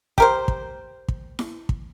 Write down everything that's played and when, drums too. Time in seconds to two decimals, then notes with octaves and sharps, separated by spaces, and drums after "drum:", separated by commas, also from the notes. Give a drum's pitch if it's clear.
0.18 G4 A#4 C5, drum: kick
0.48 drum: kick
1.08 drum: kick
1.39 drum: snare E4
1.69 drum: kick